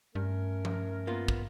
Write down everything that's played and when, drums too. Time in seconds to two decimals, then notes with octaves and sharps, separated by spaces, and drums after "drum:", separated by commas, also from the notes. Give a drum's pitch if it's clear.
0.15 G2 A3 C#4 A#4
0.65 drum: tom F3
1.07 A#3 B3 F4
1.28 drum: kick